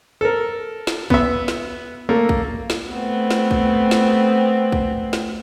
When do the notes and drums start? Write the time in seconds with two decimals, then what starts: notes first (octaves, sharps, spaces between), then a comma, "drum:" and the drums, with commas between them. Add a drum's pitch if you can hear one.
0.21 A4 A#4
0.87 drum: snare
1.10 B3 E5, drum: kick
1.48 drum: snare
2.09 A3 A#3
2.29 drum: kick
2.70 drum: snare
2.89 A3 B3 C4
3.31 drum: snare
3.51 drum: kick
3.91 drum: snare
4.72 drum: kick
5.13 drum: snare